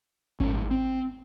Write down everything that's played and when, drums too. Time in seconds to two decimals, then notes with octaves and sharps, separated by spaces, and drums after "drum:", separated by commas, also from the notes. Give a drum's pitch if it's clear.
0.40 A#1 G#2 C#4, drum: kick G#1
0.71 C4